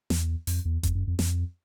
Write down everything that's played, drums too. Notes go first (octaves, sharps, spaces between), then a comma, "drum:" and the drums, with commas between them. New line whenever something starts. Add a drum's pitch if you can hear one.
E2, drum: snare
F2, drum: open hi-hat
E2
F2, drum: kick F#1, hi-hat
F#2
F2
F2, drum: snare